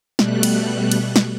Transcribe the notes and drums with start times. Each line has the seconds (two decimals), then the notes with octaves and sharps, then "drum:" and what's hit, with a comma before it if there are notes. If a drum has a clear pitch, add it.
0.19 B2 G3 A3 F#6, drum: snare
0.43 drum: cymbal
0.91 drum: cymbal
1.16 drum: snare